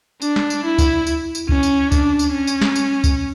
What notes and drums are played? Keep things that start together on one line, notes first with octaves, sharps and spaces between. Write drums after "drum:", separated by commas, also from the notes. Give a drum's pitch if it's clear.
D4, drum: tambourine
drum: snare
drum: tambourine
E4
drum: kick C#2, tambourine
drum: tambourine
drum: tambourine
C#4, drum: kick C#2
drum: tambourine
D4, drum: kick C#2, tambourine
drum: tambourine
C#4
drum: tambourine
drum: snare
drum: tambourine
drum: kick C#2, tambourine